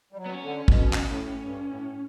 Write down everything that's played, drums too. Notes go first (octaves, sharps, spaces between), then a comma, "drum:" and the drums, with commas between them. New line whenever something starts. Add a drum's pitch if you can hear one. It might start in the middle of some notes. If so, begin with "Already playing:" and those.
G3
F#3
B3
C#4
D3
B2, drum: kick
drum: clap
A2
G2
A2